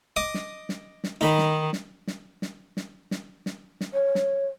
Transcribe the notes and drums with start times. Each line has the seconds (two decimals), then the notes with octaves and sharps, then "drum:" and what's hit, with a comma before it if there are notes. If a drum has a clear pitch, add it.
0.16 D#5 D6 D#6
0.34 drum: snare
0.69 drum: snare
1.04 drum: snare
1.21 D#3 D#4 B5
1.38 drum: snare
1.73 drum: snare
2.07 drum: snare
2.42 drum: snare
2.77 drum: snare
3.11 drum: snare
3.46 drum: snare
3.81 drum: snare
3.94 C#5
4.15 drum: snare